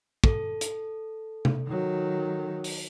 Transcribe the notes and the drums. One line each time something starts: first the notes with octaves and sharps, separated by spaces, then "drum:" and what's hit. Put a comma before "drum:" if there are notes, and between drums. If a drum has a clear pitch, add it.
A4, drum: kick
drum: hi-hat
drum: tom C3
D#3 F#3
drum: open hi-hat